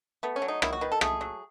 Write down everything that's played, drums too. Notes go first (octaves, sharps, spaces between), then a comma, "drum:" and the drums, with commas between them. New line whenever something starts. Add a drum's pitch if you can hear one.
A3 B3
C#4
F#3
D#4
D#3 E4, drum: rim click
F#4
D#3 B4
A4
A3 G#4, drum: rim click
F#3